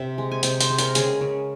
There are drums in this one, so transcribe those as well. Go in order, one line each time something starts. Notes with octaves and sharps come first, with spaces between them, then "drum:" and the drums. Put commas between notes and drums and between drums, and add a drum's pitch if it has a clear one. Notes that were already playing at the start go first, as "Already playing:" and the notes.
Already playing: C3 E5
G#3
G#5
C3 G5, drum: hi-hat
C5, drum: hi-hat
G#3
A#4, drum: hi-hat
C#3 G#4, drum: hi-hat
C#3